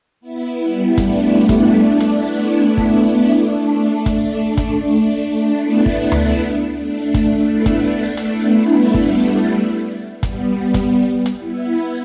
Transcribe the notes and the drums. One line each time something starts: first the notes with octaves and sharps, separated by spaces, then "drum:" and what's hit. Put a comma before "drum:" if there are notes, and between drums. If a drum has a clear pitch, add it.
B3 E4
G3 B3
A3 D4, drum: kick, hi-hat
A3 D4
drum: kick, hi-hat
A3 D4
drum: hi-hat
B3 E4
B3 E4
drum: kick
A3 D4
drum: kick, hi-hat
drum: kick, hi-hat
A3 D4
B3 E4
drum: kick
drum: tom D2
A3 D4
A3 D4, drum: kick, hi-hat
B3 E4
drum: kick, hi-hat
A3 D4
drum: hi-hat
B3 E4
G3 B3
drum: kick
G3
G3 B3, drum: kick, hi-hat
drum: kick, hi-hat
drum: hi-hat
B3 E4